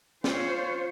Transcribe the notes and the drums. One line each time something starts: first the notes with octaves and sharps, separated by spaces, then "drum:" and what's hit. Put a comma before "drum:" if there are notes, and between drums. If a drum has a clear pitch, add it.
F4 C5 C#5 F5, drum: snare